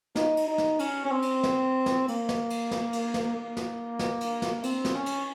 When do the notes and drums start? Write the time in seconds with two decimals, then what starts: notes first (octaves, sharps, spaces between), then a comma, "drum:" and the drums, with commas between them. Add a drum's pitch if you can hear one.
0.15 D#4, drum: snare
0.37 drum: cymbal
0.47 D#4
0.58 drum: snare
0.79 C#4, drum: cymbal
1.05 C#4
1.12 C4
1.22 drum: cymbal
1.43 drum: snare
1.86 drum: snare
2.08 A#3, drum: cymbal
2.29 drum: snare
2.50 drum: cymbal
2.71 drum: snare
2.93 drum: cymbal
3.14 drum: snare
3.36 A#3
3.57 drum: snare
3.99 drum: snare
4.21 drum: cymbal
4.42 drum: snare
4.63 C4, drum: cymbal
4.85 drum: snare
4.95 C#4
5.06 drum: cymbal